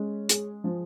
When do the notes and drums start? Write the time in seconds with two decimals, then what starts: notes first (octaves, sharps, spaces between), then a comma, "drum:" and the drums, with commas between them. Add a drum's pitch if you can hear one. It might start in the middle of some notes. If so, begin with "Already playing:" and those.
Already playing: G#3 C#4
0.29 G#4, drum: hi-hat
0.64 F3